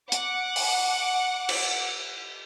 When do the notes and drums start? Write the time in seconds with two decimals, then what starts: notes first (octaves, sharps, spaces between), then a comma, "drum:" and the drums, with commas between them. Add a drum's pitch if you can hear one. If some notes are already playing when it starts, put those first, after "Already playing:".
0.12 F#5 D6, drum: hi-hat
0.56 drum: open hi-hat
1.49 drum: cymbal